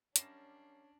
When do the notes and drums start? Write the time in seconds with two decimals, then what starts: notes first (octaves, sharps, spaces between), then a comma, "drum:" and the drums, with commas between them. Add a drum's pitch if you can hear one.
0.16 F#2 G3 C#4 D4 A5 A#6 C7, drum: hi-hat